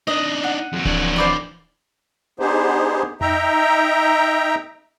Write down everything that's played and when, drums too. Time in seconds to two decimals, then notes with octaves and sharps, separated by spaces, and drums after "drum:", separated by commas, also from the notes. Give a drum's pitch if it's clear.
0.07 D4 D#4 D#5
0.44 F#5
0.73 F2 F#4
0.85 E3 D4, drum: kick D1
1.16 C5 D5 B5
2.40 B3 D4 D#4 G4 G#4 C5
3.21 D#4 E5 G5 A#5, drum: tom F2